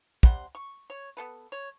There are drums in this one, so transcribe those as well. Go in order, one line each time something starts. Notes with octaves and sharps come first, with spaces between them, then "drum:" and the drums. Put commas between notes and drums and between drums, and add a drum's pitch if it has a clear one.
C3 G3 F#5 C6, drum: kick
C#6
C#5
B3 A4 B4
C#5